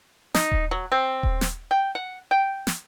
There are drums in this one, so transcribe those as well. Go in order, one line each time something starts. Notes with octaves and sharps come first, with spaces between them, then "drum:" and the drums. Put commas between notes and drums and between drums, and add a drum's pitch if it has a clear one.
D#4, drum: snare
drum: kick D#1
F#3
C4
drum: kick D#1
drum: snare
G5
F#5
G5
drum: snare